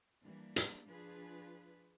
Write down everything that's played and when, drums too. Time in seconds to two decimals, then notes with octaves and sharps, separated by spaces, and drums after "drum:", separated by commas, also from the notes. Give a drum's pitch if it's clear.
0.23 E3 G3 A#3 D4
0.56 drum: hi-hat
0.87 F3 D4 F4 G#4 B4